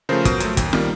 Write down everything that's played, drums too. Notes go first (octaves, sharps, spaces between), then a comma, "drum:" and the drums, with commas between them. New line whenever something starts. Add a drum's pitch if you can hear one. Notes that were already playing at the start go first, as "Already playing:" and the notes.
C#3 F3 A3 A#4 C5
B2, drum: kick, hi-hat
F#3 A3, drum: hi-hat
D#2, drum: kick, hi-hat
D#3 G3 A#3, drum: snare